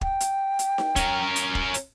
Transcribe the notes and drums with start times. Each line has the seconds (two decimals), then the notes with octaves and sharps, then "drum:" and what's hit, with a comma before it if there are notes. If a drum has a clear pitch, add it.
0.01 G5, drum: kick
0.20 drum: hi-hat
0.59 drum: hi-hat
0.78 drum: snare D#4
0.96 C#4 A#4, drum: kick, hi-hat
1.36 drum: hi-hat
1.55 drum: kick
1.74 drum: hi-hat